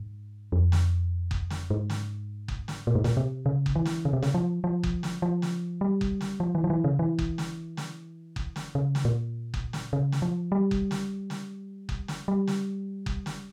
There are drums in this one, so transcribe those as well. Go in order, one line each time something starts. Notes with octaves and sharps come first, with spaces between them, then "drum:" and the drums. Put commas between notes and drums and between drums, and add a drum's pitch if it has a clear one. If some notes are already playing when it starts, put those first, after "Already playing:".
Already playing: G#2
F2
drum: snare
drum: kick F#1
drum: snare
G#2
drum: snare
drum: kick F#1
drum: snare
A#2
G#2
A#2, drum: snare
C3
C#3
drum: kick F#1
E3
drum: snare
C#3
C3
C#3, drum: snare
F3
F3
drum: kick F#1
drum: snare
F3
drum: snare
G3
drum: kick F#1
drum: snare
F3
E3
F3
E3
C#3
E3
drum: kick F#1
drum: snare
drum: snare
drum: kick F#1
drum: snare
C#3
drum: snare
A#2
drum: kick F#1
drum: snare
C#3
drum: snare
F3
G3
drum: kick F#1
drum: snare
drum: snare
drum: kick F#1
drum: snare
G3
drum: snare
drum: kick F#1
drum: snare